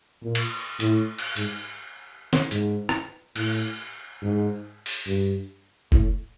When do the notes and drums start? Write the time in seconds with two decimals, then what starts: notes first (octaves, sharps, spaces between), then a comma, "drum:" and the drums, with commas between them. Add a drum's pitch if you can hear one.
0.23 A#2
0.35 drum: cymbal
0.80 A2, drum: hi-hat
1.18 drum: cymbal
1.36 G#2, drum: hi-hat
2.33 drum: snare
2.51 G#2, drum: hi-hat
2.89 drum: rim click
3.36 A2, drum: cymbal
4.22 G#2
4.86 drum: open hi-hat
5.07 G2
5.92 A2, drum: kick F1